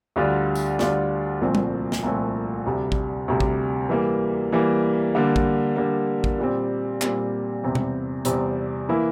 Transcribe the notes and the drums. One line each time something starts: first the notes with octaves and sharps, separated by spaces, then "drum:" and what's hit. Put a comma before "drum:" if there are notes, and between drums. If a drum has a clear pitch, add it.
D2 D3 G3 D4 F4
drum: tambourine
D2 D3 G3 D4 F4, drum: snare
C2 A#2 F3 A3 C4
drum: tom G3
drum: snare
C2 A#2 F3 A3 C4
D2 C3 G3
drum: kick A1
D2 C3 G3
drum: kick A1
E3 G3 A#3
E3 G3 A#3
D3 G3 A#3
drum: kick A1
D3 G3 A#3
drum: kick A1
A#2 G3 C4
A#2 G3 C4, drum: clap
E2 C3 G3 C4
drum: tom B2
E2 C3 G3 C4, drum: hi-hat
E3 A#3 E4